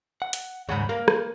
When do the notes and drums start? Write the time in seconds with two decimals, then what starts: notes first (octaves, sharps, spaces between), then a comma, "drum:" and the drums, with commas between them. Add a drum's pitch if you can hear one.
0.22 F#5
0.33 drum: hi-hat
0.69 D#2 G#2 C#3 F#5 B5
0.89 A#3 A#4 F5
1.08 drum: rim click